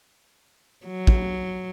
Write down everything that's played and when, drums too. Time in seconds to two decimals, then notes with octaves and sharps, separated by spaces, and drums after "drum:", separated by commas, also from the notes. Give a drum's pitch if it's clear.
0.87 F#3
1.07 drum: kick